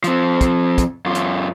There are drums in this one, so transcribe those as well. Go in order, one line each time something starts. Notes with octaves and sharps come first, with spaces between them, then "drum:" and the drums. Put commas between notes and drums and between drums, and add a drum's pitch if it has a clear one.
F3 C4, drum: hi-hat
drum: kick, hi-hat
drum: kick, hi-hat
F#2 F4
drum: hi-hat